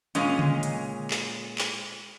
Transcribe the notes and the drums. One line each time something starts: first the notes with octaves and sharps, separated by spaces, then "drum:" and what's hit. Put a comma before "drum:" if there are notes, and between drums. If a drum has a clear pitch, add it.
A#2 G#3 C#4 D#5, drum: hi-hat
drum: tom C#3
drum: hi-hat
drum: clap
drum: clap